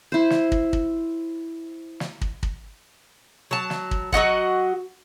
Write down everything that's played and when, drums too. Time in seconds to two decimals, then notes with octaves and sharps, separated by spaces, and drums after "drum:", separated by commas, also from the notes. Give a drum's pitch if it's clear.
0.12 E4 C5
0.30 drum: snare
0.52 drum: kick
0.73 drum: kick
2.00 drum: snare
2.21 drum: kick
2.43 drum: kick
3.51 F#3 A5
3.70 drum: snare
3.91 drum: kick
4.12 F#3 F#4 D#5 F#5, drum: kick